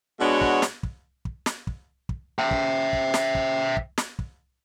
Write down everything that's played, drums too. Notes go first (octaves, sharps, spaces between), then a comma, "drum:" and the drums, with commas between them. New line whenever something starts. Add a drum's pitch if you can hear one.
B2 G#3 B3 D4 F#4 C#5
drum: kick
drum: snare
drum: kick
drum: kick
drum: snare
drum: kick
drum: kick
E5 G5
drum: kick
drum: kick
drum: snare
drum: kick
drum: kick
drum: snare
drum: kick